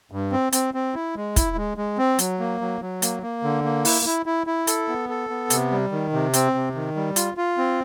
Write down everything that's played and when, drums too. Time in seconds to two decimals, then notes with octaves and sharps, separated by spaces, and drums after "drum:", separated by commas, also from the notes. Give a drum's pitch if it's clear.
0.12 G2
0.32 C4
0.53 C4, drum: hi-hat
0.74 C4
0.95 E4
1.16 G#3
1.36 E4, drum: kick, hi-hat
1.57 G#3
1.77 G#3
1.98 C4
2.19 F#3, drum: hi-hat
2.40 A#3
2.61 F#3
2.81 F#3
3.02 A#3, drum: hi-hat
3.22 A#3
3.44 D3
3.64 A#3
3.85 E4, drum: open hi-hat
4.05 E4
4.26 E4
4.47 E4
4.67 A4, drum: hi-hat
4.88 B3
5.09 A4
5.30 B3
5.50 C3, drum: hi-hat
5.71 G3
5.92 D#3
6.13 C3
6.34 C4, drum: hi-hat
6.54 C3
6.75 D#3
6.96 G3
7.16 F4, drum: hi-hat
7.37 F4
7.58 C4